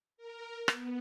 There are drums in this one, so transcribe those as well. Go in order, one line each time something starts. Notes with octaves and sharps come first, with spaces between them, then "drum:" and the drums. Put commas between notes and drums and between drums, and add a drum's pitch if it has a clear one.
A#4
B3, drum: rim click